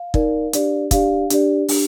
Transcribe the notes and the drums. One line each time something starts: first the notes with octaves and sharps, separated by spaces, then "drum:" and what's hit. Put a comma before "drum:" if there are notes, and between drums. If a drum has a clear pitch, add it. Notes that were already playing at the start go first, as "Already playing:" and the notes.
Already playing: F5
D#4 A#4 D5, drum: kick
D4 G4 D5, drum: hi-hat
D4 G4 D5 F5, drum: kick, hi-hat
D4 G4 D5, drum: hi-hat
D4 G4, drum: open hi-hat